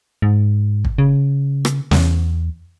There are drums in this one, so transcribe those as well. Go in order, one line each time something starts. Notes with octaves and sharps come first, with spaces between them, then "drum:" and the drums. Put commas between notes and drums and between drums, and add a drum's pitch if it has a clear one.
G#2
drum: kick
C#3
drum: rim click
E2, drum: snare